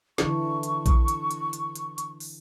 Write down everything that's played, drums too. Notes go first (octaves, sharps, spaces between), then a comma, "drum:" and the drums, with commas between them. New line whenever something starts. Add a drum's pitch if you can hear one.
D3 E3 D4 C#6, drum: snare
drum: hi-hat
drum: kick A#1, hi-hat
drum: hi-hat
drum: hi-hat
drum: hi-hat
drum: hi-hat
drum: hi-hat
drum: open hi-hat